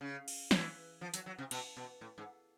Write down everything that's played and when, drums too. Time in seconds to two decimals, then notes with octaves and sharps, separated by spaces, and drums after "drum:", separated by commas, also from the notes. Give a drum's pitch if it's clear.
0.01 C#3
0.28 drum: cymbal
0.51 E3, drum: snare
1.01 F3
1.14 F#3, drum: hi-hat
1.26 F#3
1.38 C3
1.51 B2, drum: cymbal
1.77 B2
2.01 A2
2.18 G#2